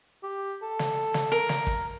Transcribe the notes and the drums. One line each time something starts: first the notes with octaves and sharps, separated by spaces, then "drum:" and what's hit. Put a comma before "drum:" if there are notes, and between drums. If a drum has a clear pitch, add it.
G4
A4
drum: snare
drum: snare
A#4
drum: snare
drum: kick